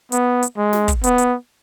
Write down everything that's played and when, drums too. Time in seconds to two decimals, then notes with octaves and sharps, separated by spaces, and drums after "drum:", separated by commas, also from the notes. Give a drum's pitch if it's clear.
0.12 B3, drum: hi-hat
0.43 drum: hi-hat
0.57 G#3
0.73 drum: snare
0.88 drum: kick, hi-hat
1.04 B3, drum: hi-hat
1.18 drum: hi-hat